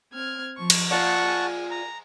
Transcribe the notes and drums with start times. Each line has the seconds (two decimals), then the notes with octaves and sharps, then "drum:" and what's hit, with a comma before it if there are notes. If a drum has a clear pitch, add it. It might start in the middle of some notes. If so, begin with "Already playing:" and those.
0.13 C4 F6 G#6
0.57 F3 C#6
0.70 drum: cymbal
0.91 F4 A#4 D5 F5 F#5 A5 C#6
1.24 G#4
1.71 A#5